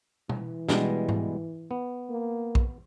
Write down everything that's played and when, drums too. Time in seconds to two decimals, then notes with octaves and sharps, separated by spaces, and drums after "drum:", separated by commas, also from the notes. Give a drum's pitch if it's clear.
0.29 E3, drum: tom
0.69 B2 G3 G#3, drum: snare
1.09 drum: tom G#2
1.71 B3
2.10 A#3
2.55 drum: kick A#1